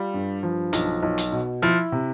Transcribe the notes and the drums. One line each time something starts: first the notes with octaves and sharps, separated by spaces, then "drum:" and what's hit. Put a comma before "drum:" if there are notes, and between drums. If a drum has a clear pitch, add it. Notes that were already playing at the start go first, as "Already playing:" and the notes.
Already playing: G3 F4
G2
F3
B1, drum: hi-hat
B1
drum: hi-hat
B2
F3 E4
C3